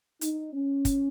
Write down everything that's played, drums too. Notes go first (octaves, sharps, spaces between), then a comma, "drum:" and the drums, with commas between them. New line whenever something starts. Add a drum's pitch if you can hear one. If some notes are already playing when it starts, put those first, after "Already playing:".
D#4, drum: hi-hat
C#4
drum: kick, hi-hat